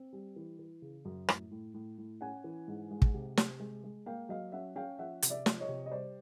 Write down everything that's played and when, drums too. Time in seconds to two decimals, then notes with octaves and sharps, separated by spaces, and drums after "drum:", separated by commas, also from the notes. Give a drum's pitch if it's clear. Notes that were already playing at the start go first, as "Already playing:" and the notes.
Already playing: C4
0.13 G3
0.36 E3
0.59 E3
0.82 C#3
1.05 F#2
1.28 A2, drum: rim click
1.51 A2
1.74 A2
1.98 A2
2.21 C#4 F#5 G#5
2.44 E3
2.68 G#2
2.91 G#3
3.02 drum: kick
3.14 C3
3.37 C3, drum: snare
3.60 G#3
3.84 G#3
4.06 A#3 F5 G5
4.29 F#3 D#5 F5
4.52 C#4 E5 F#5
4.75 C#4 F5 G5
4.99 F3 E5 F#5
5.22 C3, drum: hi-hat
5.30 D5 E5
5.46 F3, drum: snare
5.60 C#5 D#5
5.68 C3
5.86 D#5
5.91 G3 C5 D5